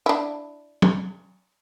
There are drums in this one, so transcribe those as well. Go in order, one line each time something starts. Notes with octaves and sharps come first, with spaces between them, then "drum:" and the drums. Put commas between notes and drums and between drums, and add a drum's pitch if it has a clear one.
D4 E4
drum: tom